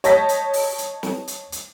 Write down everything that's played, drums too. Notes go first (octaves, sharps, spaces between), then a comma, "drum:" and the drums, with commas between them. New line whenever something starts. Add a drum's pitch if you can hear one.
C#5 D#5 A5 G6 A#6 B6, drum: hi-hat
drum: hi-hat
drum: open hi-hat
drum: hi-hat
drum: snare
drum: hi-hat
drum: hi-hat